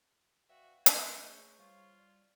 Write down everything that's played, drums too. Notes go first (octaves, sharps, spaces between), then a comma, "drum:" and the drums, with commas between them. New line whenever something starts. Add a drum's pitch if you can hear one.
F#4 B4 D5 E5 F5 G5
A3 C6 G6, drum: hi-hat
G#4 B4 C#5
G3 F4 C5 F5 C#6
D5